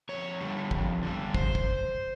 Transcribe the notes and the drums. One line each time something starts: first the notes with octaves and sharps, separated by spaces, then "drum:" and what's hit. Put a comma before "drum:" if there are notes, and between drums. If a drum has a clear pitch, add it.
F2 C#5
D3 G3
F2, drum: kick
D3 G3
C5, drum: kick
drum: kick